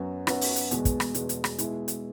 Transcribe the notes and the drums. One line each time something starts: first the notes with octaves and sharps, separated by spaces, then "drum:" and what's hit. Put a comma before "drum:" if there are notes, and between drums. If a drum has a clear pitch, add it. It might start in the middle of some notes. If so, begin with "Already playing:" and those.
Already playing: F#2 F#3 B3 F#4
F#2 F#3 B3 F#4, drum: rim click
drum: open hi-hat
drum: hi-hat
E2 B2 G#3, drum: hi-hat
drum: kick, hi-hat
drum: rim click
E2 B2 G#3, drum: hi-hat
drum: hi-hat
drum: rim click
B2 G#3 E4, drum: hi-hat
drum: hi-hat